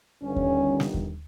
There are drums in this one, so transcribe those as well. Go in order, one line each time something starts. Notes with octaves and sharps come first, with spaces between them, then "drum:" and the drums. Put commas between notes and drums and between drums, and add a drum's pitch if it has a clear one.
G1 G2 D#3 C#4
drum: kick D#2
drum: snare
drum: kick D#2